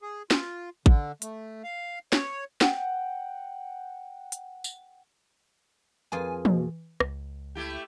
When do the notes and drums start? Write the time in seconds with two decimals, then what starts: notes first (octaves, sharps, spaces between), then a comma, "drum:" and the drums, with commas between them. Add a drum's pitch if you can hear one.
0.02 G#4
0.31 F4, drum: snare
0.86 D3, drum: kick A1
1.22 A3, drum: hi-hat
1.64 F5
2.12 C#5, drum: snare
2.61 F#5 G5, drum: snare
4.32 drum: hi-hat
4.64 drum: tambourine
6.12 F2 F4 G#4 A#4 B4 F5 G#5
6.45 B2 A#3, drum: tom
7.00 C#2, drum: rim click
7.55 A3 E4 G4